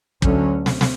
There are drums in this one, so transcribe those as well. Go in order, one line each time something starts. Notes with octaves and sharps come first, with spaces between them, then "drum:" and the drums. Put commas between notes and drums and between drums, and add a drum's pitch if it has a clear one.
D2 D3 F#3 C#4, drum: kick
drum: snare
drum: snare